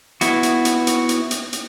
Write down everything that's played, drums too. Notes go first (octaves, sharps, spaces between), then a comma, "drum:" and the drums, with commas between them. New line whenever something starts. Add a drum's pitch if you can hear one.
B3 E4 F#4, drum: hi-hat
drum: hi-hat
drum: hi-hat
drum: hi-hat
drum: hi-hat
drum: hi-hat
drum: hi-hat